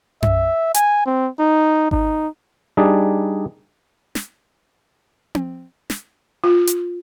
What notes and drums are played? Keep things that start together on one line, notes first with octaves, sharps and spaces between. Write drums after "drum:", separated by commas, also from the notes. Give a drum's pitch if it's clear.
E5, drum: tom F#2
G#5, drum: hi-hat
C4
D#4
D#4, drum: kick G#1
G3 D4 D#4 G#4
drum: snare
drum: tom C4
drum: snare
F4
drum: hi-hat